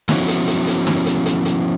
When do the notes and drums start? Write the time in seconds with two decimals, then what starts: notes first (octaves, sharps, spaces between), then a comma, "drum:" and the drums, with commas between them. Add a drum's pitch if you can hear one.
0.09 F3 B3 C#4 E4 F#4 C#5, drum: snare
0.28 drum: hi-hat
0.48 drum: hi-hat
0.67 drum: hi-hat
0.87 drum: snare
1.06 drum: hi-hat
1.26 drum: hi-hat
1.45 drum: hi-hat